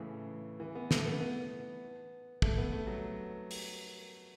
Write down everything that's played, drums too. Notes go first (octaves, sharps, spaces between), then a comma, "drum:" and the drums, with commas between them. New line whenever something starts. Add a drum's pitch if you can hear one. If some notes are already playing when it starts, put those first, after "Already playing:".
Already playing: A2 C#3 E3
E3
B3
A3, drum: snare
B3
B3
A3, drum: kick
B3
A3
F#3
drum: open hi-hat